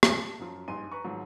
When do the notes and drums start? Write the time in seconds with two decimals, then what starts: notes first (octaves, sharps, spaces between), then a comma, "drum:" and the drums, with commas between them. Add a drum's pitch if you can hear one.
0.03 A5, drum: rim click
0.39 F#2 F3
0.68 A#1 G2 D#4 G#5 C6 D#7
0.92 B4 A#5 C#6
1.04 G#2 D#3 F3 F#3